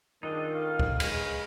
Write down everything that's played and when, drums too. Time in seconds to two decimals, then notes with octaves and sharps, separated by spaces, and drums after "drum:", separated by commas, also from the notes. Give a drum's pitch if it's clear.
0.23 D#3 G#3 C4 D4 D#4 F4 D#5
0.55 A2 C#4 F5
0.79 drum: kick C#2
1.00 G#3 B4, drum: cymbal